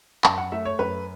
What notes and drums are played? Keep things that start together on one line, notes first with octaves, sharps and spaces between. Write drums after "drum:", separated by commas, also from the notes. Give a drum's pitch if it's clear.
F#2 A5, drum: clap
F#5
A3 E5
C#5
F#2 B4